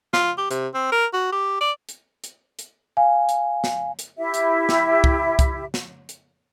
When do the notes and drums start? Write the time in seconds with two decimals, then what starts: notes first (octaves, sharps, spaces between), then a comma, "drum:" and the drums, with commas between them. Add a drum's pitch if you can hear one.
0.13 F4, drum: snare
0.38 G4
0.51 C3, drum: hi-hat
0.74 C4
0.92 A#4
1.14 F#4
1.32 G4
1.61 D5
1.89 drum: hi-hat
2.24 drum: hi-hat
2.59 drum: hi-hat
2.97 F5 G#5
3.29 drum: hi-hat
3.64 drum: snare
3.99 drum: hi-hat
4.18 E4 G4 E5
4.34 drum: hi-hat
4.69 drum: snare
5.04 drum: kick C2
5.39 drum: kick C2, hi-hat
5.74 drum: snare
6.09 drum: hi-hat